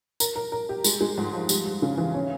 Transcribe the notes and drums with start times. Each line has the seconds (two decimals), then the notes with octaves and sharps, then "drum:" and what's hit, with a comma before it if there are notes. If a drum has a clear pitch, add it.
0.20 A#4, drum: tambourine
0.36 A#4
0.52 A#4
0.69 G4
0.84 G#3, drum: tambourine
1.01 G#3
1.18 G#2
1.33 F3
1.49 G3, drum: tambourine
1.65 G3
1.82 C#3
1.98 E3
2.14 C#4